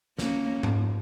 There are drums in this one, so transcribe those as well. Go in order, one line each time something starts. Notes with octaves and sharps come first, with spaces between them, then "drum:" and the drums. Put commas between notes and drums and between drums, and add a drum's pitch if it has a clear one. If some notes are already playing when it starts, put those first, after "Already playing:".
A#3 C#4, drum: snare
drum: tom G#2